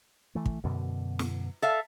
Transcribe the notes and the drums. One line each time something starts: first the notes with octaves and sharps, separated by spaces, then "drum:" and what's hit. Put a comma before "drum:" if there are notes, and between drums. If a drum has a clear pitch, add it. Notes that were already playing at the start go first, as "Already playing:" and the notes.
E3 A3
drum: kick
F#2 B2 D3
drum: snare
A4 E5 F5